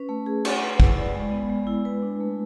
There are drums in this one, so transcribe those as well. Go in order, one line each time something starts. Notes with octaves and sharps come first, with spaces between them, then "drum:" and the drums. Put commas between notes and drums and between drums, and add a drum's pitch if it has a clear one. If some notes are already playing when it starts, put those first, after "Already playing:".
Already playing: C#4 B4
A3
G#4
F#5, drum: cymbal
B4
E4, drum: kick
D5
G#3
B3
G#3
E4
B4
D4
A3